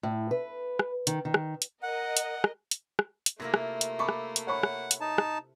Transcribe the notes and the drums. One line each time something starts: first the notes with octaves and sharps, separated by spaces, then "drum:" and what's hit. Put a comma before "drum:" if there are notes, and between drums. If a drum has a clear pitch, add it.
A2
B4
drum: rim click
D#3, drum: hi-hat
D#3
drum: rim click
drum: hi-hat
A#4 D#5 F#5
drum: hi-hat
drum: rim click
drum: hi-hat
drum: rim click
drum: hi-hat
C3 A3 A#3 E4 F4 A#6
drum: rim click
drum: hi-hat
A4 B5 C#6 D6
drum: rim click
drum: hi-hat
C#5 F#5 B5 C#6
drum: rim click
drum: hi-hat
D#4 A5
drum: rim click